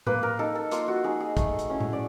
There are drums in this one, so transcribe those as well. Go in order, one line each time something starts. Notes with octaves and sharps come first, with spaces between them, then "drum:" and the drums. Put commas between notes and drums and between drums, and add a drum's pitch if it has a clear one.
A#3 B4, drum: tom A2
A#4
D#4 A4
A4
A#3 F4, drum: hi-hat
F#4
D#4 G#4
G#4
A3, drum: kick, hi-hat
drum: hi-hat
C#4 E4
drum: tom A2
D5